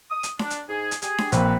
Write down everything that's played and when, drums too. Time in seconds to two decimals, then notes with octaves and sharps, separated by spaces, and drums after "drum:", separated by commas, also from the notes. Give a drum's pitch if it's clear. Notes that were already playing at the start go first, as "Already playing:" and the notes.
0.11 D#6
0.23 drum: hi-hat
0.39 D4, drum: snare D4
0.50 drum: hi-hat
0.69 G#2 G#4
0.91 drum: hi-hat
1.02 G4 G#4, drum: hi-hat
1.18 drum: snare D4
1.32 A#1 A#3 C4 B4, drum: hi-hat